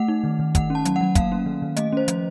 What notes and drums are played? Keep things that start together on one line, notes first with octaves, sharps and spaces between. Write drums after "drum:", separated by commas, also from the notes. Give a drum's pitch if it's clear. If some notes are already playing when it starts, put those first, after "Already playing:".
Already playing: A3 F#5
D#4
D#3
D#3
A3 F#5, drum: kick, hi-hat
C#4
A5
F#3, drum: hi-hat
F#3 F#5
A#3 F5, drum: kick, hi-hat
C#4
D#3
D#3
A3 D#5, drum: hi-hat
C#4 C5
F3, drum: hi-hat